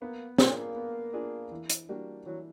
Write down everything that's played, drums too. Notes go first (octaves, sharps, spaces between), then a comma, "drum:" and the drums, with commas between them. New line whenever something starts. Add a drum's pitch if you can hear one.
A#3 B3
A#3 D4 F4 G#4, drum: snare
B3
D4 F4 G#4
E3
drum: hi-hat
G3 A#3 D4 F#4
E3 F#3